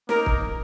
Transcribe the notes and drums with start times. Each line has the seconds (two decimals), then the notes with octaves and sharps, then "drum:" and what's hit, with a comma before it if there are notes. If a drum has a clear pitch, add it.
0.09 A#3 D#4 A#4, drum: snare
0.26 drum: kick